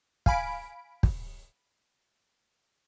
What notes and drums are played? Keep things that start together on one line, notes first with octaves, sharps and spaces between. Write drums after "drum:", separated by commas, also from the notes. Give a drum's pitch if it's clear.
F5 G#5 B5 D7, drum: kick
drum: kick